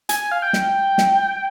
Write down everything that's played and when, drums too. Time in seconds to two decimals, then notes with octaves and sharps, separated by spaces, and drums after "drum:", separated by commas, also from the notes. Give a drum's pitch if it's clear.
0.09 G#5, drum: hi-hat
0.32 F5
0.42 G5
0.53 drum: snare
0.98 drum: snare